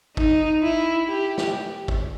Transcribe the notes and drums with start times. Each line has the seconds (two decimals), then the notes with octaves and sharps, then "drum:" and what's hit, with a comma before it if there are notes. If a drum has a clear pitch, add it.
0.17 D#4, drum: kick
0.63 E4
1.08 G4
1.38 drum: snare
1.88 drum: kick